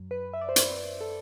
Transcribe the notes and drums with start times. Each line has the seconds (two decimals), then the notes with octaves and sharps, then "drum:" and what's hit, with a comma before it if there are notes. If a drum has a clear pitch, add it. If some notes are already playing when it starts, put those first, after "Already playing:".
Already playing: F#2 F#3
0.11 B4
0.34 E5
0.41 D5
0.49 C5
0.56 B4, drum: hi-hat
1.01 A4